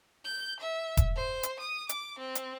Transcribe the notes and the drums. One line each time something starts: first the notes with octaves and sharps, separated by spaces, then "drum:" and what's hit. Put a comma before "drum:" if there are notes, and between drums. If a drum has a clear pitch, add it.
G6
E5
drum: kick E1, hi-hat
C5
drum: hi-hat
D#6
D6, drum: hi-hat
C4
drum: hi-hat